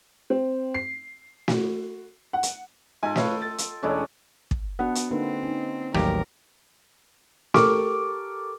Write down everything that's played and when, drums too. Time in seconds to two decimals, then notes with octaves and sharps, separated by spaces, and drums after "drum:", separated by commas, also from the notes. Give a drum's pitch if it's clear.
0.30 C4
0.74 C7
1.48 F#4, drum: snare
2.33 F#5
2.43 drum: hi-hat
3.03 G#2 F4 A4 G#5
3.16 B4 C#5 D#5 F5 G5, drum: snare
3.42 A6
3.58 drum: hi-hat
3.83 E1 G#3 A3 C#4 D4 E4
4.51 drum: kick
4.79 B3 D4 F#4 F#5
4.95 drum: hi-hat
5.11 D3 A#3 C4 D#4 B4
5.43 C#4 D#4
5.94 A1 D#2 F#3 G3 G4 A#4, drum: rim click
7.54 G4 A4 A#4 C#6 D6 F6, drum: snare